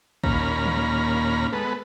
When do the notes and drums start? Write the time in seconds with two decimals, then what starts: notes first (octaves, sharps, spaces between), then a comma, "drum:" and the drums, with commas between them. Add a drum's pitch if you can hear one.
0.24 D#2 A#2 C#4 A#5 B5 F6, drum: kick
0.66 drum: tom D3
1.52 G#3 B3 A4 B4